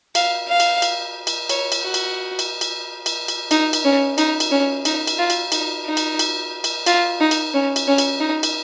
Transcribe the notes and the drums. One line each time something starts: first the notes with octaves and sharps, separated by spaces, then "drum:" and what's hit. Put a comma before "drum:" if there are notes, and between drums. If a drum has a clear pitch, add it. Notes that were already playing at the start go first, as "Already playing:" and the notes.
F5, drum: cymbal
F5
drum: cymbal
drum: cymbal
drum: cymbal
C#5, drum: cymbal
drum: cymbal
F#4
drum: cymbal
drum: cymbal
drum: cymbal
drum: cymbal
drum: cymbal
D#4, drum: cymbal
drum: cymbal
C#4
D#4, drum: cymbal
drum: cymbal
C#4
D#4, drum: cymbal
drum: cymbal
F4
drum: cymbal
D#4, drum: cymbal
D#4
drum: cymbal
drum: cymbal
drum: cymbal
F4, drum: cymbal
D#4
drum: cymbal
C#4
drum: cymbal
C#4
drum: cymbal
D#4
drum: cymbal